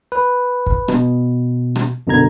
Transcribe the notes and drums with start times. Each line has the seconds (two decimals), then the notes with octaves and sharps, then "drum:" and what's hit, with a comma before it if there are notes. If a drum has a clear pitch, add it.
0.12 B4
0.66 drum: kick
0.88 B2, drum: rim click
1.76 drum: rim click
2.07 F#2 B2 D3 A#5 G#6